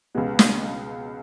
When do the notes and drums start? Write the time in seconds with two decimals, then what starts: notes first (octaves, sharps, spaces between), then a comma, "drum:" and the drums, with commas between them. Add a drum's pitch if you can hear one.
0.15 C#2 B2 G#3 B3
0.39 drum: snare